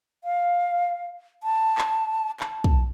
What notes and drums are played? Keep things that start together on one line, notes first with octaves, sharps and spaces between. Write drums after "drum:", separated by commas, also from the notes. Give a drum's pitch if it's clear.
F5
A5
drum: clap
A5, drum: clap
drum: kick